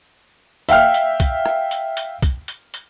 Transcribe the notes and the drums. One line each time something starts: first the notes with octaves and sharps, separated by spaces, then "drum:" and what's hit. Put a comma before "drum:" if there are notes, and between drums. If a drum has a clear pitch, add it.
E5 F5 G5 F6, drum: hi-hat
drum: hi-hat
drum: kick, hi-hat
drum: rim click
drum: hi-hat
drum: hi-hat
drum: kick, hi-hat
drum: hi-hat
drum: hi-hat